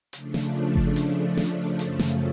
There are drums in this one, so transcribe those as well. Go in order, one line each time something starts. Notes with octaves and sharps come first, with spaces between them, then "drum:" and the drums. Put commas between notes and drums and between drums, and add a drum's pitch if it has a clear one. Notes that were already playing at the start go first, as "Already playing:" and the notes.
C#3 F3 A3 D4, drum: hi-hat
drum: snare
drum: kick G1
drum: hi-hat
drum: snare
F#2 C#3 F3 A3, drum: hi-hat
drum: snare